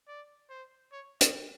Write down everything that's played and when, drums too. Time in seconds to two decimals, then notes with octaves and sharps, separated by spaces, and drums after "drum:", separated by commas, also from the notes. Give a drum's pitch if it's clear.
0.08 D5
0.50 C5
0.92 C#5
1.21 D#5, drum: hi-hat